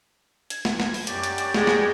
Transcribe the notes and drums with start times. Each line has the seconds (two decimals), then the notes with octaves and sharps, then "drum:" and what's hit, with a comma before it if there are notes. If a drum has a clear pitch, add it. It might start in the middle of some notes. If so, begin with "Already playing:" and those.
0.50 G#6, drum: hi-hat
0.65 drum: snare
0.80 drum: snare
0.94 drum: open hi-hat
1.07 F#2 G4 D5, drum: hi-hat
1.23 drum: hi-hat
1.38 drum: hi-hat
1.54 G#3, drum: snare
1.67 drum: snare